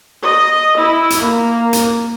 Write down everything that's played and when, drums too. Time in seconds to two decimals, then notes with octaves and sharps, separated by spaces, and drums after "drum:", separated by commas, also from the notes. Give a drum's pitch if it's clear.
0.25 D#5
0.79 E4
1.10 drum: hi-hat
1.22 A#3
1.73 drum: hi-hat